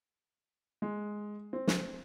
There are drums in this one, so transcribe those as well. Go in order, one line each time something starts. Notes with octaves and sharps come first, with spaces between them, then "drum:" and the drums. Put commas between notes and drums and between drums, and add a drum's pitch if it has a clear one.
G#3
C4
drum: snare